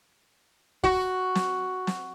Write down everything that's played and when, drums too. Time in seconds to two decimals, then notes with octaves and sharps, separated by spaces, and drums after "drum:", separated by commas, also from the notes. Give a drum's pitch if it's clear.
0.84 F#4, drum: kick
1.35 drum: snare
1.87 drum: snare